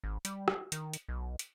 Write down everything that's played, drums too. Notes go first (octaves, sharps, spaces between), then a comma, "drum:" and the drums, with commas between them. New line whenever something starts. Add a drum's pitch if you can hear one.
G#1
G3, drum: hi-hat
drum: rim click
D#3, drum: hi-hat
drum: hi-hat
B1
drum: hi-hat